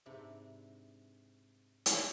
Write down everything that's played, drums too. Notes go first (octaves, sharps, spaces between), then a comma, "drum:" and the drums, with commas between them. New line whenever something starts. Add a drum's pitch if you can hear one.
G#2 C3 D4 B4 E5
drum: hi-hat